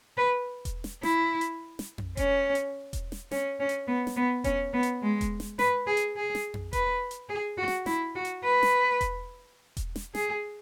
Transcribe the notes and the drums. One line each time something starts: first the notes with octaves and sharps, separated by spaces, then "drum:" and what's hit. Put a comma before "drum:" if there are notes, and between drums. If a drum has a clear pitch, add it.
B4
drum: kick E1, hi-hat
drum: snare
E4, drum: snare
drum: hi-hat
drum: snare
drum: tom F2
C#4, drum: kick E1, hi-hat
drum: hi-hat
drum: kick E1, hi-hat
drum: snare
C#4, drum: snare
C#4
drum: hi-hat
B3
drum: snare
B3
C#4, drum: kick E1, hi-hat
B3
drum: hi-hat
G#3
drum: kick E1, hi-hat
drum: snare
B4, drum: snare
G#4
drum: hi-hat
G#4
drum: snare
drum: tom F2
B4, drum: kick E1, hi-hat
drum: hi-hat
G#4
F#4
drum: snare
E4, drum: snare
F#4
drum: hi-hat
B4
drum: snare
drum: kick E1, hi-hat
drum: kick E1, hi-hat
drum: snare
G#4, drum: snare